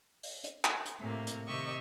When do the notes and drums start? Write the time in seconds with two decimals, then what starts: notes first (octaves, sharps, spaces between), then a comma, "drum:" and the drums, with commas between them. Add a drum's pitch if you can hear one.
0.23 drum: open hi-hat
0.44 drum: hi-hat
0.64 drum: clap
0.85 drum: hi-hat
1.00 A2 C3 A#3
1.27 drum: hi-hat
1.47 C3 D#3 G4 D#5 C#6 E6